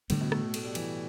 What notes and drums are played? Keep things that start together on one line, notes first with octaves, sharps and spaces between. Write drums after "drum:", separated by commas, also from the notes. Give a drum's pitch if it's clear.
A2 D3 G3 B3, drum: cymbal
B2
A3, drum: rim click
A3
A3, drum: cymbal
G3
E3, drum: cymbal